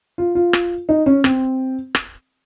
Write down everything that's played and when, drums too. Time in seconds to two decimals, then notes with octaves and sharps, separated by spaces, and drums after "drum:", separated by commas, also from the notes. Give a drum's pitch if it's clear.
0.18 F4
0.35 F4
0.53 drum: rim click
0.89 D#4
1.06 C#4
1.24 C4, drum: rim click
1.95 drum: rim click